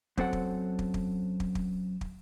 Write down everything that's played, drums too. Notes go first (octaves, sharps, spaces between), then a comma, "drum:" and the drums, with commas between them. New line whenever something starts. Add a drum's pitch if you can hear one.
F#2 C4 A4 F#5, drum: kick
drum: kick
drum: kick
drum: kick
drum: kick
drum: kick
drum: kick